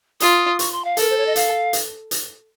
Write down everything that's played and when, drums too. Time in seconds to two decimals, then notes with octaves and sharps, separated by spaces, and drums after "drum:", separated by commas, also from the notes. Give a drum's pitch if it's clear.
0.20 F4 D#6, drum: hi-hat
0.59 C#6, drum: hi-hat
0.72 C6
0.84 F5
0.97 A4 A#4, drum: hi-hat
1.10 C5
1.17 C#5
1.26 D#5
1.36 F5, drum: hi-hat
1.73 drum: hi-hat
2.11 drum: hi-hat